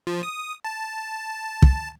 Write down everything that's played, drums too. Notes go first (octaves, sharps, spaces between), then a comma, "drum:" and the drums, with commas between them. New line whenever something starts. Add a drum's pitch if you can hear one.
F3
D#6
A5
drum: kick